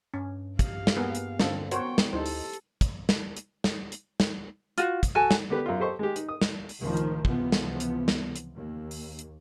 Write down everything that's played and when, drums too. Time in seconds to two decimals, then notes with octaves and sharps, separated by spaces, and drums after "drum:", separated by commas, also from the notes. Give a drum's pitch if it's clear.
0.14 G2 C#4
0.59 G4 F5, drum: kick, hi-hat
0.87 drum: snare
0.96 A#3 B3 G#4
1.15 drum: hi-hat
1.40 D3 C4 F4 A4, drum: snare
1.71 B3 F#4 A#4 C5 C#5 G5 C6 C#6, drum: hi-hat
1.98 drum: snare
2.13 D2 D#4 E4 G4 A4 C5
2.26 drum: open hi-hat
2.53 drum: hi-hat
2.81 drum: kick, hi-hat
3.09 drum: snare
3.37 drum: hi-hat
3.64 drum: snare
3.92 drum: hi-hat
4.20 drum: snare
4.78 F4 F#4, drum: hi-hat
5.03 drum: kick, hi-hat
5.15 F#4 A4 G#5
5.31 drum: snare
5.50 D3 B3 G4 B4
5.66 F#2 F4
5.80 G4 A4 C5 C#6
5.99 G#3 G4
6.16 D#4, drum: hi-hat
6.29 D#6
6.42 drum: snare
6.69 drum: open hi-hat
6.80 C#2 A2 D#3 F3
6.97 drum: hi-hat
7.25 C#2 C3 E3 F3 B3, drum: kick
7.52 drum: snare
7.80 drum: hi-hat
8.08 drum: snare
8.36 drum: hi-hat
8.55 D#2
8.91 drum: open hi-hat
9.19 drum: hi-hat